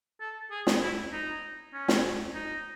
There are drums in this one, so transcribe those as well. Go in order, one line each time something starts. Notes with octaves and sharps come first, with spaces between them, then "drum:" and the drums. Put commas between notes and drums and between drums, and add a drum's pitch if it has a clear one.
A4
G#4
drum: snare
E4
D#4
C#4
drum: snare
D#4